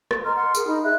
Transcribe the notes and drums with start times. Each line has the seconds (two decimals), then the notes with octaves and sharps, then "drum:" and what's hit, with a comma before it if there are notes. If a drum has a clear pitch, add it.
0.11 drum: rim click
0.24 D#5 A#5 C6 F6
0.36 F#5 C6 F6
0.55 G#4 A#4, drum: tambourine
0.68 D#4 B5
0.84 G#4 E5 F#6